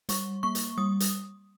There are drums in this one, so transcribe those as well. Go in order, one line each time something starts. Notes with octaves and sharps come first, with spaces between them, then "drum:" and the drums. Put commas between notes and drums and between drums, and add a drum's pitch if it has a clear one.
G3 C#6, drum: hi-hat
A#3 C#6
drum: hi-hat
G3 D#6
drum: hi-hat